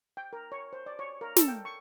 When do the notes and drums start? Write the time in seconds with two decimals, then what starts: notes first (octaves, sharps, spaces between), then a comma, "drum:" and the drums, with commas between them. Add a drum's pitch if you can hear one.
0.17 G5
0.33 A#4
0.52 C#5
0.73 C5
0.86 D5
0.99 C#5
1.21 A#4
1.36 A4, drum: snare
1.48 G5
1.65 C#6